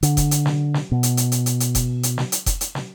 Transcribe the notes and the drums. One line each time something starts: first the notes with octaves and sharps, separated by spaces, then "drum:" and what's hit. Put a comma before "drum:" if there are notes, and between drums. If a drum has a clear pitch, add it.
D3, drum: hi-hat
drum: kick F1, hi-hat
drum: hi-hat
drum: snare
drum: snare
B2
drum: hi-hat
drum: hi-hat
drum: hi-hat
drum: hi-hat
drum: hi-hat
drum: kick F1, hi-hat
drum: hi-hat
drum: snare
drum: hi-hat
drum: kick F1, hi-hat
drum: hi-hat
drum: snare